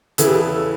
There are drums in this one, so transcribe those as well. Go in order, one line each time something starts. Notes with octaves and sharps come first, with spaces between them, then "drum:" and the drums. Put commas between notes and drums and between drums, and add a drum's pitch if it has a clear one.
E2 C#3 E3 B3 E4 A4, drum: hi-hat
G4
A4
A4